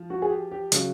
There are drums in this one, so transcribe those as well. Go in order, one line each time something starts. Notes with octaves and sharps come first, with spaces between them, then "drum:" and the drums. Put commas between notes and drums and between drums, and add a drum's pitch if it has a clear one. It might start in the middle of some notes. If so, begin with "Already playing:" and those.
Already playing: F3
F#4
G#4
G4
G4
C#3 F#3, drum: hi-hat